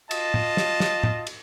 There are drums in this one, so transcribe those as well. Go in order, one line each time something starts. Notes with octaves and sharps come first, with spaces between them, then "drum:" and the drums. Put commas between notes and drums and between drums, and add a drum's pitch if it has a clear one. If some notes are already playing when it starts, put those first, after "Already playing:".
F4 D#5 A5, drum: cymbal
drum: tom
drum: snare
drum: snare
drum: tom
drum: cymbal